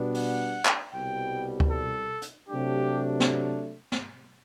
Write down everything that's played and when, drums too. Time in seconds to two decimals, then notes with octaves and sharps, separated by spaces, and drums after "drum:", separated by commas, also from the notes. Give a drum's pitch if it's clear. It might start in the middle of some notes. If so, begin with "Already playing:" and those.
Already playing: B2 G3 B3 D4
0.14 F#5, drum: open hi-hat
0.65 drum: clap
0.93 C2 B2 G3 G5
1.60 drum: kick D2
1.71 A4
2.22 drum: hi-hat
2.49 C3 F#3 A3 D4 G4
3.20 drum: snare
3.92 drum: snare